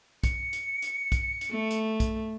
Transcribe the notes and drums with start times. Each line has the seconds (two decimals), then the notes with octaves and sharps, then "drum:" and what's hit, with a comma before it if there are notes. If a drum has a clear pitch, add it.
0.24 C#7, drum: kick, hi-hat
0.53 drum: hi-hat
0.82 drum: hi-hat
1.12 drum: kick, hi-hat
1.41 drum: hi-hat
1.51 A3
1.71 drum: hi-hat
2.00 drum: kick, hi-hat